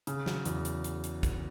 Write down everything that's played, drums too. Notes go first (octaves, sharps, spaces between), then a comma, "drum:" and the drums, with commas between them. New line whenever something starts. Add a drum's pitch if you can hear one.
C#3, drum: hi-hat
F#3, drum: snare
E2, drum: hi-hat
drum: hi-hat
drum: hi-hat
drum: hi-hat
drum: kick, hi-hat